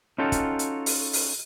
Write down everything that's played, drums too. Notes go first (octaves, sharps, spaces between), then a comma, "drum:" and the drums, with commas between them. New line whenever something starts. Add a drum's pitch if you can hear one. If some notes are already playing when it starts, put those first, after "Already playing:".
C#4 D#4 F4 F#4 A4 G5
drum: kick, hi-hat
drum: hi-hat
drum: open hi-hat
drum: open hi-hat